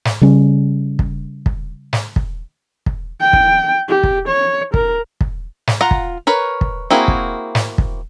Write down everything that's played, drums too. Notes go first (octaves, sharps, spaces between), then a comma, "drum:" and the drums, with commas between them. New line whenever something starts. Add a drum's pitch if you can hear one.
drum: snare
C#3 G3 C#4
drum: kick
drum: kick
drum: snare
drum: kick
drum: kick
G5
drum: kick
G4
drum: kick
C#5
A#4, drum: kick
drum: kick
drum: snare
F4 F#5 A#5
drum: kick
A#4 B4 C#5
drum: kick
A#3 C4 E4 F#4 G#4
drum: kick
drum: snare
drum: kick